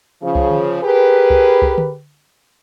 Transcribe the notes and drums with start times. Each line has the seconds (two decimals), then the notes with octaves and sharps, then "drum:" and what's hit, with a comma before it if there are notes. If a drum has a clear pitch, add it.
0.23 C#3 F3
0.35 drum: kick C2
0.51 drum: tom D3
0.83 G4 G#4 A#4 B4
1.30 drum: kick C2
1.62 drum: kick C2
1.78 drum: tom D3